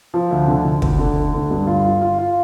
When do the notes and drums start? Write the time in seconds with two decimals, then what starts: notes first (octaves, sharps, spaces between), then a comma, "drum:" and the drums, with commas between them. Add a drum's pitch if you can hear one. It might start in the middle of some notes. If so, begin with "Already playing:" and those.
0.14 F3
0.31 D2
0.48 D3
0.65 D3
0.82 D2, drum: kick
0.99 D3
1.16 D2
1.34 D3
1.51 G2
1.67 F4
1.85 F4
2.02 F4
2.18 F4